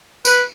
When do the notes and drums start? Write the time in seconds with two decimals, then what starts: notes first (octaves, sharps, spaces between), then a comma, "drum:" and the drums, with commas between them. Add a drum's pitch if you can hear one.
0.25 B4, drum: tambourine